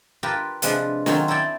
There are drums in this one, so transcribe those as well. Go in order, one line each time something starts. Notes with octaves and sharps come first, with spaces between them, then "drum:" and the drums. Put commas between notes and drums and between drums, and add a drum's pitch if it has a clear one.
F4 G4 A#4 B4 A5
C3 F3 G#3 D4 B4, drum: hi-hat
D#3 F#3 C4 C#4 F4, drum: snare
E4 A4 D5 G5 A5